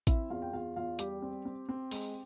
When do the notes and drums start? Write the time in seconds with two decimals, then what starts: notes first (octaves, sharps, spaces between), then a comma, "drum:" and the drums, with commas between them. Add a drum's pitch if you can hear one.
0.07 C4 E4 E5, drum: kick A1, hi-hat
0.30 E2 F4 F5
0.42 G5
0.53 E2 F4 F5
0.76 E2 F4 F5
0.99 G3 G4 G5, drum: hi-hat
1.22 C4
1.45 C4
1.69 C4
1.91 G#3, drum: open hi-hat